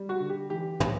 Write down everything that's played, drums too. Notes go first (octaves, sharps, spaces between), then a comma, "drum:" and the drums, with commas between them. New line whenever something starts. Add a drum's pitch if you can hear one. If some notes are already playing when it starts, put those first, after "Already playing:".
Already playing: G3
F#4
D3
G4
E3 G4
A2, drum: tom